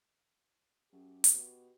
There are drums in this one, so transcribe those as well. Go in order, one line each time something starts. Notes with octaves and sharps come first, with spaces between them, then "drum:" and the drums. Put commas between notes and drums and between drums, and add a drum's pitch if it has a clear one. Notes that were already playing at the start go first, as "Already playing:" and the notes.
F#2 G4
drum: hi-hat
B2